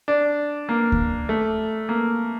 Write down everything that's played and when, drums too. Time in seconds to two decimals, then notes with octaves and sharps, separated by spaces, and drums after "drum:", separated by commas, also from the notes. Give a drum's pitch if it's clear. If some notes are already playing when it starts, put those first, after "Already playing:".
0.08 D4
0.69 A#3
0.92 drum: kick D2
1.29 A3
1.89 A#3